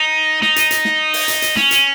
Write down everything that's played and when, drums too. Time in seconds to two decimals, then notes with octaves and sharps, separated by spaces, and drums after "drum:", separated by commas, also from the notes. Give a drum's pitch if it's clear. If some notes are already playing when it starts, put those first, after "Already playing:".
Already playing: D#4
0.42 D#4, drum: snare
0.56 drum: hi-hat
0.71 drum: hi-hat
0.85 drum: snare
1.14 drum: open hi-hat
1.28 drum: hi-hat
1.42 drum: hi-hat
1.57 C#4, drum: snare
1.71 drum: hi-hat